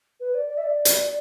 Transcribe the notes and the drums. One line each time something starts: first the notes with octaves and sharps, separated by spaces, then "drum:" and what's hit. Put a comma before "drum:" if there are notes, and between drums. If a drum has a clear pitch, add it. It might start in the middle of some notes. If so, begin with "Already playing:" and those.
B4
D5
D5
E5
D5
drum: hi-hat